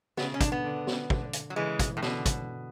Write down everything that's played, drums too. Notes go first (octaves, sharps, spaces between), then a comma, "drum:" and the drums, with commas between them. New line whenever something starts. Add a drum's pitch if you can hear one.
C#3 B3, drum: snare
C#4
D4, drum: kick, hi-hat
B3
D3
drum: snare
D3, drum: kick
drum: hi-hat
F#3
C#3 E3 G#3
drum: kick, hi-hat
A2
B2 D3, drum: snare
drum: kick, hi-hat